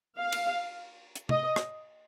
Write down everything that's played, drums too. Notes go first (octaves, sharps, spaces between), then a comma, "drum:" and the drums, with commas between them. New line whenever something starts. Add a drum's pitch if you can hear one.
F5
drum: cymbal
drum: hi-hat
D#5, drum: tom
drum: rim click